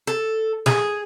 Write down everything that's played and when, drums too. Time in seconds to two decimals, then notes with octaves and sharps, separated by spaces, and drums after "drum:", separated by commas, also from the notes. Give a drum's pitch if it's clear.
0.07 A4
0.66 G#4, drum: snare